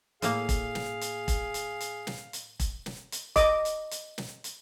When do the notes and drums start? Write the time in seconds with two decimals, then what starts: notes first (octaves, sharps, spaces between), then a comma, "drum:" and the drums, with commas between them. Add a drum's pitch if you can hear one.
0.22 A2 A#3 G#4 F5, drum: hi-hat
0.49 drum: kick E1, hi-hat
0.75 drum: snare
1.01 drum: hi-hat
1.28 drum: kick E1, hi-hat
1.54 drum: hi-hat
1.80 drum: hi-hat
2.07 drum: snare
2.33 drum: hi-hat
2.60 drum: kick E1, hi-hat
2.86 drum: snare
3.12 drum: hi-hat
3.36 D#5 D6, drum: kick E1, hi-hat
3.65 drum: hi-hat
3.91 drum: hi-hat
4.18 drum: snare
4.44 drum: hi-hat